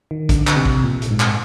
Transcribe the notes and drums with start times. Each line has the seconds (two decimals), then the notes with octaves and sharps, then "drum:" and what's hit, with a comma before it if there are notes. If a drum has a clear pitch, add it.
0.11 D#3
0.29 D3, drum: kick, hi-hat
0.47 drum: clap
0.56 C3
0.65 drum: kick
0.84 A#2
1.02 drum: hi-hat
1.11 G#2
1.20 drum: clap